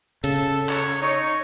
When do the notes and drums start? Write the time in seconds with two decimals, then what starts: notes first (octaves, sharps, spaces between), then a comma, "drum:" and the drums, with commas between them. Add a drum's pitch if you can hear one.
0.24 C#3 A4, drum: cymbal
0.69 C#5, drum: clap
1.02 D#4 C#5